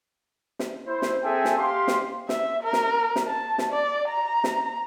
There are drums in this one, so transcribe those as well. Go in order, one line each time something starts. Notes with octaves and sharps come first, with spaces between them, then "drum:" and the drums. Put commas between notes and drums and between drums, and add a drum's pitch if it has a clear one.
drum: snare
E4 C5
drum: snare
C4 G#4 A4 E5 G5 G#5
drum: snare
G4 F5 C6
drum: snare
E5, drum: snare
A#4
drum: snare
drum: snare
A5
drum: snare
D5
A#5
drum: snare